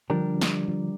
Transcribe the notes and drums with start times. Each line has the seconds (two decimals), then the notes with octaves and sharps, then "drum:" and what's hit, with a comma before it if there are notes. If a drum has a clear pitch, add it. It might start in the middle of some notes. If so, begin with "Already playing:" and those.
0.10 D3 F3 G3 D4 G4 A#4
0.41 drum: snare
0.68 D3 F3